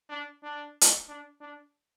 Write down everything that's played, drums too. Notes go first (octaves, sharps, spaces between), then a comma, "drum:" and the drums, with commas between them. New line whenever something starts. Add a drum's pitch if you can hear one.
D4
D4
drum: hi-hat
D4
D4